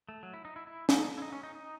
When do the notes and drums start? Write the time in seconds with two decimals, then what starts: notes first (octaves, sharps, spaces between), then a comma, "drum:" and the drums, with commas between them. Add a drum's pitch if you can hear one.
0.09 A3
0.23 F#3
0.34 E4
0.45 D#4
0.56 E4
0.67 E4
0.89 D#4, drum: snare
1.18 E4
1.22 D#4
1.32 C#4
1.43 D#4
1.55 D#4